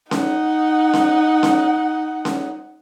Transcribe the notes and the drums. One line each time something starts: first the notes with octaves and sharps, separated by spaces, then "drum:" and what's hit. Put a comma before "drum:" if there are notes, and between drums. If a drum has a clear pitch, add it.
D#4 F#5, drum: snare C#4
drum: snare C#4
drum: snare C#4
drum: snare C#4